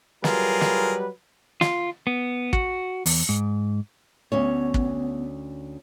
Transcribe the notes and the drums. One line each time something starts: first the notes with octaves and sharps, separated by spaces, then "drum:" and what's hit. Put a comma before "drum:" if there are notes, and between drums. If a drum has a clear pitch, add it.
F#3 G3 F4 G#4 A#4 B4, drum: snare
drum: snare
F4, drum: snare
B3
F#4, drum: kick
E2, drum: open hi-hat
G#2
D2 B3 C#4 C#5
drum: kick